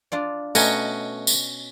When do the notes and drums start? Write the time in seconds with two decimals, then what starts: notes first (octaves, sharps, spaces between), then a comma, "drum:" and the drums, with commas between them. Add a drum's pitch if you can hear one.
0.12 D4 F4 D5
0.55 B2 A3 C#4 F#4 D#5 G#5 A#5, drum: tambourine
1.27 drum: tambourine